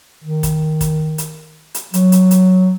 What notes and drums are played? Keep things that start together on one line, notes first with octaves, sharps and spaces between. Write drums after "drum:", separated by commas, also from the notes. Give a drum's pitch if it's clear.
D#3
drum: kick, hi-hat
drum: kick, hi-hat
drum: hi-hat
drum: hi-hat
F#3, drum: hi-hat
drum: hi-hat
drum: hi-hat